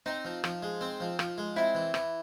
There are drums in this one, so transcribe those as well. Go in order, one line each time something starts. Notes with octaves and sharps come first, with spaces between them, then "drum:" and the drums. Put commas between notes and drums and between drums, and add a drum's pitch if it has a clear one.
C4 D#4
F3
F3, drum: rim click
G#3
C4
F3
F3, drum: rim click
G#3
C4 E4
E3
E3, drum: rim click